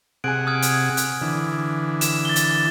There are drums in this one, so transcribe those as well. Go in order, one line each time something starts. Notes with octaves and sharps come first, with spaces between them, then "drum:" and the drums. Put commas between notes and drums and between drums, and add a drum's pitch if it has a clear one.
C3 G#4 F#5 G#5 D7
D#6 F6 G#6
drum: hi-hat
drum: hi-hat
D3 E3
E7, drum: hi-hat
A6 G7
drum: hi-hat